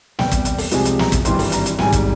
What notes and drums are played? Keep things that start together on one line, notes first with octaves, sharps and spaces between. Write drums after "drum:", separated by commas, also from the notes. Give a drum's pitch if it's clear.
E2 C3 G3 G5, drum: snare
drum: kick, hi-hat
drum: hi-hat
drum: open hi-hat
C2 C3 F3 G#3 G#5, drum: hi-hat
drum: hi-hat
A#5, drum: snare
drum: kick, hi-hat
G#1 G2 E3 G3 C6, drum: hi-hat
drum: open hi-hat
A#5, drum: hi-hat
drum: hi-hat
G#1 G#2 G3 G#5, drum: snare
drum: kick, hi-hat